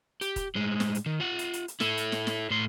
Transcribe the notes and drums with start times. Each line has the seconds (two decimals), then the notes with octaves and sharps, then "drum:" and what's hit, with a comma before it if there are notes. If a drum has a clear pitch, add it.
0.21 G4, drum: hi-hat
0.36 drum: kick, hi-hat
0.55 A2 G#3
0.80 drum: snare
0.95 drum: hi-hat
1.06 D#3
1.20 F4 F#5
1.39 drum: hi-hat
1.53 drum: hi-hat
1.68 drum: hi-hat
1.80 E4 A4, drum: snare
1.97 drum: hi-hat
2.12 drum: snare
2.27 drum: snare
2.50 A2 C6